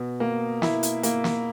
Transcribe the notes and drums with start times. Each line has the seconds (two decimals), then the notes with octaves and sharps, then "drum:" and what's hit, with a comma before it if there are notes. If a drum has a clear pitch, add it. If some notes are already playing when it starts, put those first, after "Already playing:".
Already playing: B2
0.20 A#3
0.62 E4, drum: snare
0.83 drum: hi-hat
1.03 A#3, drum: hi-hat
1.24 drum: snare